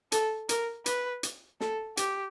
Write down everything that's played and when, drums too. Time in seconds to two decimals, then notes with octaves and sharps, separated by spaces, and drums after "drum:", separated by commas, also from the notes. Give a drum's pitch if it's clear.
0.12 A4, drum: hi-hat
0.49 A#4, drum: hi-hat
0.86 B4, drum: hi-hat
1.23 drum: hi-hat
1.61 A4, drum: snare
1.97 G4, drum: hi-hat